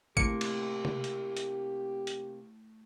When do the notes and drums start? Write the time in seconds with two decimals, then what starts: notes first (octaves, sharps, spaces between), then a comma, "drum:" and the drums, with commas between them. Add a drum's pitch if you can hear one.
0.17 A2 C3 A#3 G4 C#7, drum: kick
0.41 drum: cymbal
0.85 drum: tom C3
1.04 drum: hi-hat
1.37 drum: hi-hat
2.07 drum: hi-hat